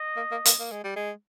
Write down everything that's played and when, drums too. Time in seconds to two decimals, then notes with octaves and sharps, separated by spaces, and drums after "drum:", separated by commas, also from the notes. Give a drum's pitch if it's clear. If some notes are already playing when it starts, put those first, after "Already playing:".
Already playing: D#5
0.17 A#3
0.31 A#3
0.45 A#3, drum: hi-hat
0.60 A#3
0.72 G#3
0.84 G3
0.96 G#3